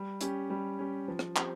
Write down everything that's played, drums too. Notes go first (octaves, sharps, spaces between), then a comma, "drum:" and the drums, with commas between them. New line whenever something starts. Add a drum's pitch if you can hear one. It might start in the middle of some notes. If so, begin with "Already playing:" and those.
Already playing: G3
C#4 G4, drum: hi-hat
G3
C#4 G4
F3
drum: rim click
C4 G4, drum: clap